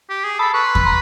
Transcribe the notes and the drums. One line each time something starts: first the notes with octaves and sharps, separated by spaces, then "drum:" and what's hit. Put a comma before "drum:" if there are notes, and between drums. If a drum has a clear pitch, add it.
G4
G#4
A4 A5 B5
B4 C#6
C6
B5, drum: kick E2
A#5 C6